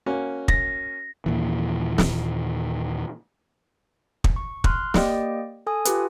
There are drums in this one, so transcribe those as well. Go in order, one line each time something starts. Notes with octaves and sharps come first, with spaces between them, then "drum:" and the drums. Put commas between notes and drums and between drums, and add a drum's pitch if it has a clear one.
A#3 C#4 F#4
A#6, drum: kick
D#2 A#2 E3
drum: snare
drum: kick
C#6
C6 F6 F#6, drum: kick
A#3 G4 D5 D#5 G5, drum: snare
A4 G#5 D#6
F4 G4 B4, drum: hi-hat